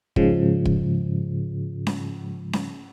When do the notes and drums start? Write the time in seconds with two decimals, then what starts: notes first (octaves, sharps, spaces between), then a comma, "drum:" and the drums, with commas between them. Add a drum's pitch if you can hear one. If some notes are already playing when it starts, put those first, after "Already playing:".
0.16 G#2 C#3 F3 G#3, drum: kick
0.65 drum: kick
1.87 drum: snare C#4
2.53 drum: snare C#4